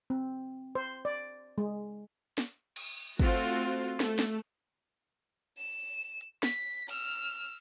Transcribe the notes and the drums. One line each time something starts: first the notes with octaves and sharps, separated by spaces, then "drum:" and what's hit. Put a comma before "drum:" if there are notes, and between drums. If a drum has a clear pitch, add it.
C4
C5
D5
G#3
drum: snare
drum: cymbal
A3 C4 F4 F#4, drum: kick
A3 A4, drum: snare
drum: snare
E7
drum: hi-hat
B6, drum: snare
E6 F6, drum: cymbal